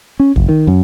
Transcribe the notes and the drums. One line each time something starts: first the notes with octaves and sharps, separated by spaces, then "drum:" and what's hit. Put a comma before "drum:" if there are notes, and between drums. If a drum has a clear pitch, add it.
C#4
F#1, drum: kick
D#3
F#2